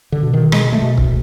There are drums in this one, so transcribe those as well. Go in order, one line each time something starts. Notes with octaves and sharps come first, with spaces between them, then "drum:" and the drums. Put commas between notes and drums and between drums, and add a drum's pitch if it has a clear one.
D3
B2
D#3
B2 G#3, drum: rim click
A3
B2
drum: kick C#1